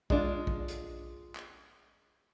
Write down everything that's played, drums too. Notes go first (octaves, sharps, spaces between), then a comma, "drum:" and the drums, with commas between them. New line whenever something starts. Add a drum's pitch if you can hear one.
G#3 D4 F4, drum: kick A#1
drum: kick A#1
drum: hi-hat
drum: clap